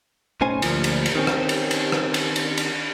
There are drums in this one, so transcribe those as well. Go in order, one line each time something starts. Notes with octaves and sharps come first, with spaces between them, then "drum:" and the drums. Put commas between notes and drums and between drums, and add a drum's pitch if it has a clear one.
B1 A2 C#4 D#4 C5 G#5
D2 A#2 F3, drum: cymbal
drum: cymbal
drum: cymbal
D#3 C4 C#4
drum: rim click
drum: cymbal
drum: cymbal
drum: rim click
drum: cymbal
drum: cymbal
drum: cymbal